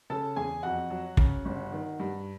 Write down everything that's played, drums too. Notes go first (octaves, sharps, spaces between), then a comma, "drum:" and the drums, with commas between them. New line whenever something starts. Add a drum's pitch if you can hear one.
C#3 A4 A5
E2 G#4 G#5
F2 F#4 F#5
F#3
C#3, drum: kick
G1
D#3
G2